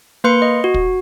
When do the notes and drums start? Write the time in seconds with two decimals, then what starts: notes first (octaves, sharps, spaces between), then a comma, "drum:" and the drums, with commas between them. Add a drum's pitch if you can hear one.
0.24 A#3 B4 C6 C#7
0.42 D#5
0.64 F#4
0.74 drum: kick